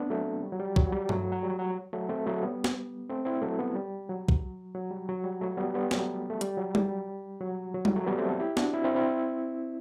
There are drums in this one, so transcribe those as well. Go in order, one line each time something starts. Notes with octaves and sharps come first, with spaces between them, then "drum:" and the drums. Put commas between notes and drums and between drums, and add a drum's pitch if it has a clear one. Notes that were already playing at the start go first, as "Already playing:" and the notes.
Already playing: A3 B3 C4 D4
F#3 A3
G3
F#3
G3
F#3, drum: kick
G3
F#3 A3, drum: tom G2
F#3
G3
F#3
F#3 A3
A3 C4
F#3 A3
G3 B3
drum: snare
A3 C4
C4 E4
F#3 A3
G3 B3
G3
F#3
drum: kick
F#3
G3
F#3
G3
F#3 A3
G3 B3
G3 B3
F#3 A3, drum: snare
A3
G3, drum: hi-hat
F#3
G3, drum: tom G3
F#3
F#3
G3, drum: tom G3
F#3 A3
G3 B3
A3 C4
F#4 A4
E4 G4
D4 F#4, drum: snare
C4 E4
C4 E4
C4 E4